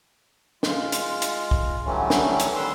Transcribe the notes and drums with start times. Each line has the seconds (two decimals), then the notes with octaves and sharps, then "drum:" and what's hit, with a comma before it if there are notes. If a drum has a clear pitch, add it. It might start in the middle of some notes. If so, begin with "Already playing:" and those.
0.63 G#3 F4, drum: snare
0.92 drum: hi-hat
1.22 drum: hi-hat
1.51 drum: kick
1.85 D3 E3 F#3 G3 A3 C#4
2.10 drum: snare
2.40 drum: hi-hat
2.56 D#3 G3 B4 C6 E6